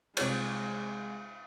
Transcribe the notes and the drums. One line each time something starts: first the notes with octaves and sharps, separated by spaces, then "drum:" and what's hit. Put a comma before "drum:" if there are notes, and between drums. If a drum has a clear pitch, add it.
C2 G#3 C#5, drum: cymbal